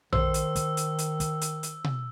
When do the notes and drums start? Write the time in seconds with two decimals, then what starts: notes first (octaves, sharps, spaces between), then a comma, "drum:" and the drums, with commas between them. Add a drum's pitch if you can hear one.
0.13 D#3 C5 E6, drum: tom A#1
0.34 drum: hi-hat
0.56 drum: kick, hi-hat
0.77 drum: hi-hat
0.98 drum: hi-hat
1.20 drum: kick, hi-hat
1.41 drum: hi-hat
1.63 drum: hi-hat
1.84 drum: tom B2